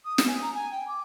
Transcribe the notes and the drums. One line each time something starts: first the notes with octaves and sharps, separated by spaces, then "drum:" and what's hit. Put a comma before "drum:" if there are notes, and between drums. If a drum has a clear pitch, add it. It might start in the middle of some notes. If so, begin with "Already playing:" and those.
D#6
drum: snare
G#5
A#5
G#5
G5
D6